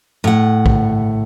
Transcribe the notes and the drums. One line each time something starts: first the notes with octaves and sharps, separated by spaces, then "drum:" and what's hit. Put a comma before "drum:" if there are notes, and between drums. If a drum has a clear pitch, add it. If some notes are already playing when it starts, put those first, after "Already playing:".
A2 F#5
drum: kick A#1